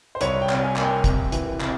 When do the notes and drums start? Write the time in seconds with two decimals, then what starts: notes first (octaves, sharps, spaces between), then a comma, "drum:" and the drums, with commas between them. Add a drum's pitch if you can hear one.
0.15 C5
0.21 C2 C#5, drum: hi-hat
0.42 G5
0.49 C3, drum: clap
0.63 G#5
0.76 A#3, drum: clap
0.83 G5
1.04 C3, drum: kick, hi-hat
1.32 E3, drum: hi-hat
1.61 C3, drum: clap